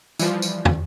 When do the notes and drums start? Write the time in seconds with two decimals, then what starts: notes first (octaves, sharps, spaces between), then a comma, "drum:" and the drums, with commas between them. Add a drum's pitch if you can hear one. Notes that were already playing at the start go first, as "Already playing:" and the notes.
0.20 E3 F3 G3, drum: tambourine
0.42 drum: tambourine
0.65 drum: tom